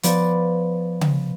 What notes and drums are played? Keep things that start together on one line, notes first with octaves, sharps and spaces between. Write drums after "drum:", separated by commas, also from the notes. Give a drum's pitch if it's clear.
F3 B3 B4 D5, drum: hi-hat
drum: tom C#3